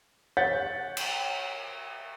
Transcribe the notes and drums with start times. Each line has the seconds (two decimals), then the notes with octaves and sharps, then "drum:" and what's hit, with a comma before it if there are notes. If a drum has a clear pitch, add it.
0.37 C#5 F#5 G6 A6 B6
0.97 drum: cymbal